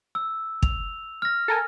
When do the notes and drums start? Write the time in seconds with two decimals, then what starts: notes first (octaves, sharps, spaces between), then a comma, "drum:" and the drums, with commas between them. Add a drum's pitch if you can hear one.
0.15 E6
0.63 F7, drum: kick
1.22 F6 A#6
1.48 A4 A#4 G#5